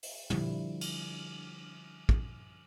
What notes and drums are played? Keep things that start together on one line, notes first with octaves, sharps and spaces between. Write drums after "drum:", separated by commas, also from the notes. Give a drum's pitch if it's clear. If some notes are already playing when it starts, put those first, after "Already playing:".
drum: open hi-hat
D3 F3 G3 E4, drum: tom
drum: cymbal
drum: kick